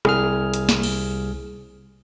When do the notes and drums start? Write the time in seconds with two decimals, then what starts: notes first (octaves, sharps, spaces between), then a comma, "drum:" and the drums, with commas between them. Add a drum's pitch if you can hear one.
0.05 C2 G#4 F6, drum: rim click
0.54 drum: hi-hat
0.69 drum: snare
0.83 drum: cymbal